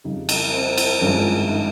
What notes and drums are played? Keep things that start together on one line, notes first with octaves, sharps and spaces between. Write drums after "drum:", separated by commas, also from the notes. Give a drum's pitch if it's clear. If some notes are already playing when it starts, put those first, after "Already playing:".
F2 C#3 G3 D#4
drum: cymbal
C4
drum: cymbal
G#1 G2 F3 G#3 C#4
D#4